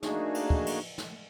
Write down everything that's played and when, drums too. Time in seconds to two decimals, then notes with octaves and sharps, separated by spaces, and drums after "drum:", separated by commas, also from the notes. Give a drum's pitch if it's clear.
0.03 A3 A#3 D4 D#4 F#4 G#4, drum: snare
0.34 drum: cymbal
0.50 drum: kick
0.66 drum: cymbal
0.98 drum: snare